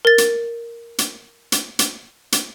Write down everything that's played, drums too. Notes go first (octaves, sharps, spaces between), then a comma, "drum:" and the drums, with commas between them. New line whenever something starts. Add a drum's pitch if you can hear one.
A#4 A6
drum: hi-hat
drum: hi-hat
drum: hi-hat
drum: hi-hat
drum: hi-hat